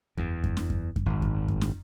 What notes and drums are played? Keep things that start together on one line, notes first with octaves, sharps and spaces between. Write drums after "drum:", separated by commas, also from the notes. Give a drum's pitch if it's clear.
E2, drum: kick F#2
drum: kick F#2
drum: snare
drum: kick F#2
drum: kick F#2
G#1
drum: kick F#2
drum: kick F#2
drum: snare